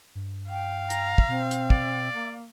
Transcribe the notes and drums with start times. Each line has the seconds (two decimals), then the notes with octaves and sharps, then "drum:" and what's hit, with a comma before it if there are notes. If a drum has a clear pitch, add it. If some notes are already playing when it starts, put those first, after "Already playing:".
0.15 G2
0.49 F5 G5
0.90 A#5, drum: hi-hat
1.18 drum: kick
1.28 B2 C4
1.51 drum: hi-hat
1.70 D5, drum: kick
2.13 A#3